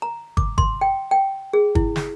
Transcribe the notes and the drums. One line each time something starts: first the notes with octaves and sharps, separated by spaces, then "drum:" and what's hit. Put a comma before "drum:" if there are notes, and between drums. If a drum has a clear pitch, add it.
A#5
D6, drum: kick
C6, drum: kick
G5
G5
G#4
E4, drum: kick
drum: snare